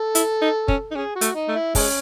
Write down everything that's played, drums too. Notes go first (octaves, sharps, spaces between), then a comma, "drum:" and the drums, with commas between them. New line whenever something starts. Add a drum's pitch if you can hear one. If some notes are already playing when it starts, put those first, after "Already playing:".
Already playing: A4
E4, drum: hi-hat
D#4
C#4, drum: kick
D#4
C#4 G#4
F#4
A3, drum: hi-hat
D#4
A3
E4
G#3 C#4, drum: kick, open hi-hat